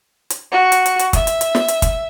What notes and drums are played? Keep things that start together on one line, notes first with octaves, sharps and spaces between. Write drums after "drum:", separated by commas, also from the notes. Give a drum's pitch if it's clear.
drum: hi-hat
F#4
drum: hi-hat
drum: hi-hat
drum: hi-hat
E5, drum: kick, hi-hat
drum: hi-hat
drum: hi-hat
drum: snare
drum: hi-hat
drum: kick, hi-hat